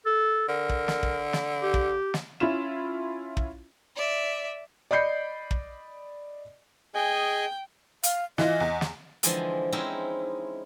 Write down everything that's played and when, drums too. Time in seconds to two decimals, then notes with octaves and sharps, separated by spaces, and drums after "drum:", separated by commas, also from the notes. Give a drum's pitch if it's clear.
0.06 A4
0.49 D3 A#4
0.69 drum: kick
0.88 drum: snare
1.03 drum: kick
1.33 drum: snare
1.63 G4
1.74 drum: kick
2.14 drum: snare
2.40 C#4 E4 F4 E7
3.37 drum: kick
3.97 D5 E5
4.91 D5 D#5 B5 G6 C7 C#7
5.51 drum: kick
6.95 G#4 D#5 G5 G#5
8.03 F5, drum: hi-hat
8.38 E3 E4 F4 D#5, drum: snare
8.60 E2
8.81 drum: snare
9.23 D3 E3 F3 G#3 C4 G#4, drum: hi-hat
9.72 G#3 C4 C#4 D#4 E4